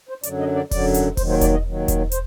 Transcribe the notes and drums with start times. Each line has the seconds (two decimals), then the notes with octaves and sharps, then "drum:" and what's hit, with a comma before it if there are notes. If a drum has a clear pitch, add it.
0.09 C5
0.23 F#2 D3 F#3 D5, drum: hi-hat
0.40 D#5
0.55 D5
0.71 F#2 D3 F#3 D5, drum: kick E1, open hi-hat
0.94 drum: hi-hat
1.17 D#2 D#3 F#3 C5, drum: kick E1, open hi-hat
1.29 C5
1.41 D5, drum: kick E1, hi-hat
1.53 D#5
1.65 D#2 D#3 F#3
1.88 drum: kick E1, hi-hat
2.12 C5, drum: hi-hat